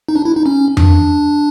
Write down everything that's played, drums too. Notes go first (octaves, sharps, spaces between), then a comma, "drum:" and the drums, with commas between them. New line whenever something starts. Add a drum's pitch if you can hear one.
D#4
D4
E4
D#4
C#4
D4, drum: tom F2